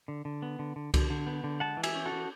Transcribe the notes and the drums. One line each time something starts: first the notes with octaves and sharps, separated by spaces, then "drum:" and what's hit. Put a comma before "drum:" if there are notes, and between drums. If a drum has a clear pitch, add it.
D3
D3
B3
D3
D3
D3, drum: kick C2, cymbal
D3
B3
D3
G#3 F#5 A5
E3
E5 G#5, drum: cymbal
C#4
F#4 A4
E3